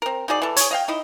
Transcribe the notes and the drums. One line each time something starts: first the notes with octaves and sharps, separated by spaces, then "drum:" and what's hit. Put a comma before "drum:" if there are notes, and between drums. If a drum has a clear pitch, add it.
C4 A#4
D#4 F#4 G#4 D5
E3 A4
G#4 C#5, drum: hi-hat
D#5 F5 G5
D#4 E4 D#5